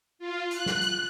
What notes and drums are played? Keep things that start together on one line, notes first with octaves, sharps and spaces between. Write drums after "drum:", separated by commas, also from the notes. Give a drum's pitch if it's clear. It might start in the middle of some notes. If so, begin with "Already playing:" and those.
F4
F#6, drum: hi-hat
drum: snare
drum: hi-hat